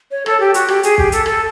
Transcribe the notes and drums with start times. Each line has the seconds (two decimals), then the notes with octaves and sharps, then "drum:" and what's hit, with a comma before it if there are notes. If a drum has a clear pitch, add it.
0.11 C#5
0.26 A4, drum: rim click
0.40 G4
0.54 F#4, drum: hi-hat
0.68 G4, drum: rim click
0.83 G#4, drum: hi-hat
0.98 G4, drum: kick
1.12 A4, drum: hi-hat
1.26 A4, drum: rim click